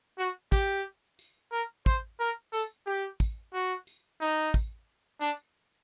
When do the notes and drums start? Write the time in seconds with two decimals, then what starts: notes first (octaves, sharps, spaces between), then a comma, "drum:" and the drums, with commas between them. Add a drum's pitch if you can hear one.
0.19 F#4
0.52 G4, drum: kick, tambourine
1.19 drum: tambourine
1.52 A#4
1.86 C5, drum: kick
2.20 A#4
2.53 A4, drum: tambourine
2.87 G4
3.20 drum: kick, tambourine
3.54 F#4
3.87 drum: tambourine
4.21 D#4
4.54 drum: kick, tambourine
5.21 D4, drum: tambourine